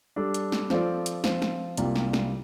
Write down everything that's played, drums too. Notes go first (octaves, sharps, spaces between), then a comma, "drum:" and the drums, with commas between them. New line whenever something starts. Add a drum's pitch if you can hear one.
G3 D4 A4
drum: hi-hat
drum: snare
F3 C4 F4 A4 D5, drum: snare
drum: hi-hat
F3 C4 F4, drum: snare
drum: snare
C2 C3 G3 A#3 F4, drum: hi-hat
drum: snare
drum: snare